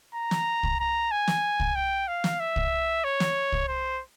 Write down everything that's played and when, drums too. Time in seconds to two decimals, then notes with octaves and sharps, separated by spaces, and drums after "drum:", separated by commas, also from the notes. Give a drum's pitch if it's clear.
0.15 A#5
0.31 drum: snare
0.63 drum: kick C2
0.80 A#5
1.11 G#5
1.28 drum: snare
1.60 drum: kick C2
1.76 G5
2.08 F5
2.24 drum: snare
2.40 E5
2.56 drum: kick C2
3.04 C#5
3.20 drum: snare
3.52 drum: kick C2
3.68 C5